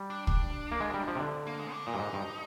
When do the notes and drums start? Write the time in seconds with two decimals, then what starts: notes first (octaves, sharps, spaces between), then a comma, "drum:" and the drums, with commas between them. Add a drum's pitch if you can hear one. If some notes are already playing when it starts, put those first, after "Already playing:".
Already playing: G3
0.10 D4
0.27 D4, drum: kick
0.72 A#3
0.80 G#3
0.94 G3
1.08 F3
1.15 C3
1.20 D3
1.47 A#3
1.59 G#3
1.73 D4
1.86 A#2 D#4
1.94 G2
1.99 G#2
2.13 G2